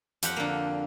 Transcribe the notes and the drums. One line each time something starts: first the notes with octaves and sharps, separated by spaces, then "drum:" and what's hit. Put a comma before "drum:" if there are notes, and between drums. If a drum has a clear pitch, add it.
F2 G4 F#5, drum: hi-hat
D3 A#3